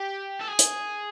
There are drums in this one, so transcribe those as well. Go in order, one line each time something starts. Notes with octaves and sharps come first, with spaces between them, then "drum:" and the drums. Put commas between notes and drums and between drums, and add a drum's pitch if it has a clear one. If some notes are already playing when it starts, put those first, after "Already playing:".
Already playing: G4
A4
G#4
drum: hi-hat